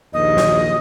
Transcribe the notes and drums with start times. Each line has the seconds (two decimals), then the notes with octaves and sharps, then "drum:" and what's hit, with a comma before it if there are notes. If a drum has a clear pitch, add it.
0.14 A#1 D#2 D#5
0.37 drum: snare